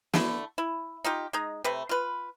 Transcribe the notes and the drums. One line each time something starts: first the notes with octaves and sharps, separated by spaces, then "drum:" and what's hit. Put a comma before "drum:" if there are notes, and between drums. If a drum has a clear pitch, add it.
D3 A3 E4, drum: snare
E4
D#4 F4 G4
G#3 D#4
C3 A3 B4
F4 B4